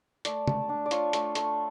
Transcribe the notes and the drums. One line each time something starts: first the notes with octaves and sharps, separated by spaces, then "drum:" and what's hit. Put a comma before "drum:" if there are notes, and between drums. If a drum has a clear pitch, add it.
A3 D5, drum: hi-hat
A3, drum: tom
D4
D5
F4 C#5, drum: hi-hat
A3, drum: hi-hat
A3, drum: hi-hat